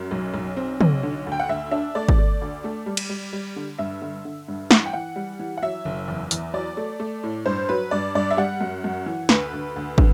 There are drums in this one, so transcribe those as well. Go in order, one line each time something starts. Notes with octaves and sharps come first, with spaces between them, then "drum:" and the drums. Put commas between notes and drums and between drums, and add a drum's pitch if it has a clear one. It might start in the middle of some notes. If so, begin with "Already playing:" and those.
Already playing: F#2
B1
B1
C4
B1, drum: tom
D3
D2
G5
F#5
D2 E5
D4 E5
A3 D5
drum: kick
A3
D2
A3
G3
drum: cymbal
G3
G3
D3
G2 E5
D3
D3
G2
E3 F#5, drum: snare
G5
E3 F#5
G3
E3
F#5
F#3 E5
F#1
E2
E2, drum: hi-hat
F#3 D5
A3
A3
A2
G2 C5
F#3 B4
G2 D5
G2 D5
E5
G3 F#5
F#2
F#2
E3
D2 B4, drum: snare
D2
D2
D3, drum: kick